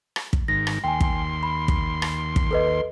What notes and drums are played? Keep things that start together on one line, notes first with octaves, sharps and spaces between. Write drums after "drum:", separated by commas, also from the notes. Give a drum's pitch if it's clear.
drum: rim click
drum: kick
G#2 D#3 A#6
drum: rim click
D#2 G5 G#5 C6
drum: kick
B5
drum: kick
drum: rim click
drum: kick
A4 B4 D#5